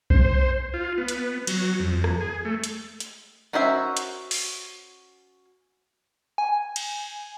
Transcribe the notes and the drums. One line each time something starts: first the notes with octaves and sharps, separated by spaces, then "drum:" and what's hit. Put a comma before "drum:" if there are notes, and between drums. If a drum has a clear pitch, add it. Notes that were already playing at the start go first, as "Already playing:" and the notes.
C5, drum: kick B1
F4
B3
drum: hi-hat
F#3, drum: cymbal
F2
drum: rim click
G#4
A3
drum: hi-hat
drum: hi-hat
C#4 F#4 A#4 C5 E5
drum: hi-hat
drum: open hi-hat
G#5
drum: cymbal